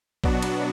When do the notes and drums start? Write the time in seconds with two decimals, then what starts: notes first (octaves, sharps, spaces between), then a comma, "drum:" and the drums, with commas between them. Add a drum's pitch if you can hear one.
0.24 B2 F#3 B3 D4 F#4, drum: kick
0.42 drum: cymbal